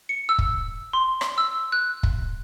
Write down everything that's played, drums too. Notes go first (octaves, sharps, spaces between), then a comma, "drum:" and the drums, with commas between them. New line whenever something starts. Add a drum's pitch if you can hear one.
C#7
E6
drum: kick
C6
drum: rim click
E6
F#6
drum: kick